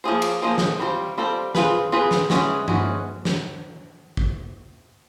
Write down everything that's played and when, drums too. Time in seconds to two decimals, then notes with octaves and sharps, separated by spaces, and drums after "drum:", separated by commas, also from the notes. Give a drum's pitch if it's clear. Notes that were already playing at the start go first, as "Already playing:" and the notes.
0.04 F3 A#3 D#4 G#4 C5
0.22 drum: cymbal
0.42 F3 A#3 D#4 G#4 C5
0.58 drum: snare
0.80 G3 C4 F4 A4 C5
1.18 G3 C4 F4 A4 C5
1.55 C4 F4 G#4 B4, drum: snare
1.92 C4 F4 G#4 B4
2.11 drum: snare
2.30 E3 G#3 C#4 F#4, drum: snare
2.68 E3 G#3 C#4 F#4, drum: tom
3.25 drum: snare
4.17 drum: kick